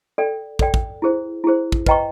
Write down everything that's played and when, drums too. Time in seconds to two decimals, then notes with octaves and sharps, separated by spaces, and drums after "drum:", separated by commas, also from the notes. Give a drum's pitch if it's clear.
0.18 A4 D5 G5
0.59 A4 D5 G5, drum: kick
0.74 drum: kick
1.02 E4 G#4 C5
1.44 E4 G#4 C5
1.72 drum: kick
1.86 B4 D#5 G5 A#5 C#6, drum: kick